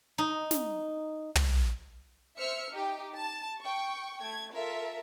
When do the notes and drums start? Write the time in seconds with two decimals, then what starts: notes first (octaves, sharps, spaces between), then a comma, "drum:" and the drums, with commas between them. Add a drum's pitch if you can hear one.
0.18 D#4
0.51 drum: snare
1.35 drum: tom
2.38 C5 E5 E6 F6 C#7
2.72 D#4 G4 G5
3.13 A5
3.60 G5 C#6
4.20 A3 G#6
4.54 F4 A4 A#4 E5